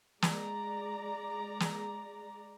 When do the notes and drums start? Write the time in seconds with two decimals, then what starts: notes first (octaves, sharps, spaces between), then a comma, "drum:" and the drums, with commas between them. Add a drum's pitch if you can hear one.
0.22 G#3 D5 A#5, drum: snare
1.60 drum: snare